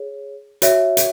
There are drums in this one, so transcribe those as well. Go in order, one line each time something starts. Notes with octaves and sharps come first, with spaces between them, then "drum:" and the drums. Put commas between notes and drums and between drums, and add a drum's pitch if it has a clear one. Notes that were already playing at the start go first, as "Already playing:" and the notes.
Already playing: G#4 C#5
F#4 C#5 E5, drum: hi-hat
drum: hi-hat